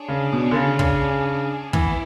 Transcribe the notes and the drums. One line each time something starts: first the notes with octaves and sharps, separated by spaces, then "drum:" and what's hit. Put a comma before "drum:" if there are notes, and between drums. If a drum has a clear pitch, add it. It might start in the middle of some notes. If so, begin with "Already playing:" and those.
Already playing: D4 G#4 C#5
C#3
B2
D3
C#3
C#3, drum: kick
E3 B3 E4, drum: kick